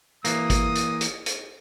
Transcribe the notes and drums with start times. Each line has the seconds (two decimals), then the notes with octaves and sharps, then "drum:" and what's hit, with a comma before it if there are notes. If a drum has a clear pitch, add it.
0.25 E3 A#3 D#6, drum: hi-hat
0.50 drum: kick, hi-hat
0.75 drum: hi-hat
1.01 drum: hi-hat
1.26 drum: hi-hat